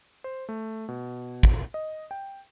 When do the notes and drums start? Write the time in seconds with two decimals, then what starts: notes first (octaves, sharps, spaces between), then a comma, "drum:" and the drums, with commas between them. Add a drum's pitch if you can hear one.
0.24 C5
0.49 A3
0.88 B2
1.43 drum: kick
1.74 D#5
2.11 G5